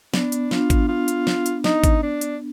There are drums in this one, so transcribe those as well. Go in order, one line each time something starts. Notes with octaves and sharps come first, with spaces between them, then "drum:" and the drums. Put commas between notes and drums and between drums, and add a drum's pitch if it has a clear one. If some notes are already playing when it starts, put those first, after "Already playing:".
B3 D4, drum: snare
drum: hi-hat
D4 F4, drum: snare
drum: kick G#1, hi-hat
F4
drum: hi-hat
drum: snare
drum: hi-hat
D#4, drum: snare
drum: kick G#1, hi-hat
D4
drum: hi-hat